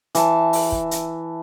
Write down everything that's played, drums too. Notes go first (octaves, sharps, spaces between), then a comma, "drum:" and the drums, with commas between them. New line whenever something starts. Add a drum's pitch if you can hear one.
E3 A5, drum: hi-hat
drum: open hi-hat
drum: kick
drum: hi-hat